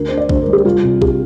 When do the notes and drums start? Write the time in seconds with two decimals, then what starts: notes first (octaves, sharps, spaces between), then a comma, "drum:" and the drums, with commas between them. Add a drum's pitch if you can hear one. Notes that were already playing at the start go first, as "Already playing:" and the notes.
Already playing: D2 A#4
0.09 D3 C5
0.17 D5
0.29 D2 C5, drum: kick B1
0.42 A#4
0.47 G3
0.53 G4
0.65 C2 F4
0.83 C3
1.02 G4, drum: kick B1